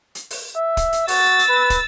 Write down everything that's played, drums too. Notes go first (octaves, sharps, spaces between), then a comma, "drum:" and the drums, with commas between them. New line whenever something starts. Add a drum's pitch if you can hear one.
drum: hi-hat
drum: open hi-hat
E5
drum: kick, hi-hat
drum: hi-hat
F#4 E6 A6, drum: open hi-hat
drum: hi-hat
B4
drum: kick, hi-hat